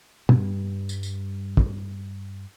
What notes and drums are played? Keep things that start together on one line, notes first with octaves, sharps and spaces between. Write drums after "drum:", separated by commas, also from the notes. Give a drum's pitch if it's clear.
G2 G3, drum: tom
drum: tambourine
drum: tambourine
drum: kick